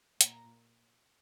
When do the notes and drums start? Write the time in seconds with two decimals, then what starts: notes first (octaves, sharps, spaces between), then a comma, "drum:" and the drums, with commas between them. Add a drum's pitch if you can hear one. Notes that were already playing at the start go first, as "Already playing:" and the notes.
0.21 A#2 A#5, drum: hi-hat